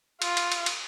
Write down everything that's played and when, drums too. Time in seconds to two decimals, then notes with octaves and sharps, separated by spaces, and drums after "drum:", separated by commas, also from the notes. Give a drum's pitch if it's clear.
0.22 F4, drum: cymbal
0.37 drum: cymbal
0.52 drum: cymbal
0.66 drum: cymbal